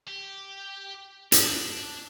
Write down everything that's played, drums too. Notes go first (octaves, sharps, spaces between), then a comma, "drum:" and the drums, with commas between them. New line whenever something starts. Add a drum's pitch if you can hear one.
G4
D4, drum: hi-hat